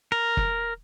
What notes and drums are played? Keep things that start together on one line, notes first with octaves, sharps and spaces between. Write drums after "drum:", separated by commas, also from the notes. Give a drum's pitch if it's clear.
A#4
drum: kick